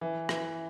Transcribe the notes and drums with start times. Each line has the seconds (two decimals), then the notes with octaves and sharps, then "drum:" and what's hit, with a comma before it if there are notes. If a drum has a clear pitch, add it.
0.01 E3
0.29 E3, drum: rim click